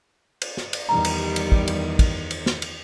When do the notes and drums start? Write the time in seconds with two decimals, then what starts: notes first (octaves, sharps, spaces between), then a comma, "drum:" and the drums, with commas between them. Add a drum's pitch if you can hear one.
0.42 drum: cymbal
0.57 drum: snare
0.73 drum: cymbal
0.89 E2 D#3 G3 A#5
1.05 drum: cymbal
1.36 drum: cymbal
1.52 drum: kick
1.68 drum: cymbal
1.99 drum: kick, cymbal
2.31 drum: cymbal
2.46 drum: snare
2.62 drum: cymbal